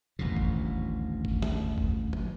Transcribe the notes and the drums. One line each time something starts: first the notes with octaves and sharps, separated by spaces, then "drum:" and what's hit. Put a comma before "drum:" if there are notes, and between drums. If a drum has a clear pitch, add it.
D#1 A1 D2 B2
drum: kick
drum: kick
drum: snare
drum: kick
drum: tom